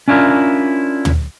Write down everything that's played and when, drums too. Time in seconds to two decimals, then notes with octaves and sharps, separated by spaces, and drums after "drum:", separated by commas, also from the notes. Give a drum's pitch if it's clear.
0.08 C#4 D4 E4 F4 A#4
1.05 drum: tom